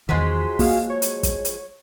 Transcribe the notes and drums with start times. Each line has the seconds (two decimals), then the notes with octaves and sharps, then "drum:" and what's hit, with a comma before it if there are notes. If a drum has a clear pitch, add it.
0.09 E2 D#3 F3 F#3 G#3 C6 B6
0.59 A#3 F#4 G#4 F5, drum: kick, open hi-hat
0.90 C#5
1.02 drum: hi-hat
1.23 drum: kick, hi-hat
1.45 drum: hi-hat